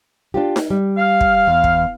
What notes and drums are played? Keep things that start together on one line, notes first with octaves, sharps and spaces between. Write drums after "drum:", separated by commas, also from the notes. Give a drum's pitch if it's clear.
D4 F4 G4
drum: snare D#4
G3
F5
drum: kick
E2
drum: kick